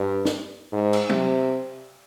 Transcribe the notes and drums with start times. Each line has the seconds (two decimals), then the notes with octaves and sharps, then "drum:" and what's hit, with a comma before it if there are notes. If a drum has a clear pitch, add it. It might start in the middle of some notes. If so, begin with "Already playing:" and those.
Already playing: G2
0.25 drum: snare
0.72 G#2
0.93 drum: cymbal
1.09 C3, drum: tom